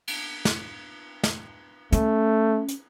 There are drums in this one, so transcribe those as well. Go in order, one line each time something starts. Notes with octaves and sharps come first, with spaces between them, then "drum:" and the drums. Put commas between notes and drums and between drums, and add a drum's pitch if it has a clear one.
drum: cymbal
drum: snare
drum: snare
A3 C#4, drum: hi-hat
drum: hi-hat